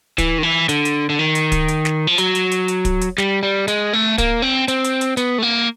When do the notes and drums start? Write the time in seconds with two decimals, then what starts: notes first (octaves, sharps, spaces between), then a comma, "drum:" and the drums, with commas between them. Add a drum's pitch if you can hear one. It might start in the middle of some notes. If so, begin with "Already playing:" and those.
0.18 E3, drum: kick, hi-hat
0.38 D#3
0.43 E3
0.69 D3, drum: hi-hat
0.85 drum: hi-hat
1.10 D3
1.19 D#3
1.35 drum: hi-hat
1.52 drum: kick, hi-hat
1.68 drum: hi-hat
1.85 drum: snare
2.07 F3
2.18 F#3, drum: hi-hat
2.35 drum: hi-hat
2.51 drum: hi-hat
2.68 drum: hi-hat
2.85 drum: kick, hi-hat
3.01 drum: hi-hat
3.18 G3, drum: snare
3.43 G3
3.68 G#3, drum: hi-hat
3.93 A3
4.18 A#3, drum: kick, hi-hat
4.42 C4
4.68 C4, drum: hi-hat
4.84 drum: hi-hat
5.01 drum: hi-hat
5.17 B3, drum: hi-hat
5.38 A3
5.42 A#3